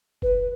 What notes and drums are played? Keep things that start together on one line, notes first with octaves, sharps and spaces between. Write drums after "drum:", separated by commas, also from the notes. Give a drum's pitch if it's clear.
B4, drum: kick F1